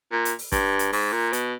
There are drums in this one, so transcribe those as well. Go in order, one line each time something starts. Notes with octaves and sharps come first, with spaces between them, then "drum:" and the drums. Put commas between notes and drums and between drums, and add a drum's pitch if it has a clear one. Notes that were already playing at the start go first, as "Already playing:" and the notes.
A#2
drum: hi-hat
drum: open hi-hat
G2, drum: kick, hi-hat
drum: hi-hat
G#2, drum: open hi-hat
A#2
B2, drum: hi-hat